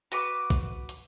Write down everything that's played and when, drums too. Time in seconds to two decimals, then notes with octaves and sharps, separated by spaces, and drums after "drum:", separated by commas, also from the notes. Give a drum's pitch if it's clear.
0.12 F#4 B4 D6, drum: hi-hat
0.50 drum: kick, hi-hat
0.89 drum: hi-hat